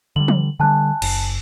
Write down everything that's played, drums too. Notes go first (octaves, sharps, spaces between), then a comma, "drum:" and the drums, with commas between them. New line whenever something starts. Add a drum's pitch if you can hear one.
D3 D#3 G3 F#7
drum: tom
D3 G3 G#5 A5 F#6
F#1, drum: cymbal